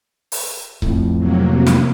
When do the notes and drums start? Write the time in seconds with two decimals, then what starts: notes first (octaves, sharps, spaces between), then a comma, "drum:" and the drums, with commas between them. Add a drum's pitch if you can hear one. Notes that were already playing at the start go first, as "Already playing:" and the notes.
0.32 drum: open hi-hat
0.82 F2 A2, drum: kick C#1
1.18 C3 F#3 A#3
1.66 drum: snare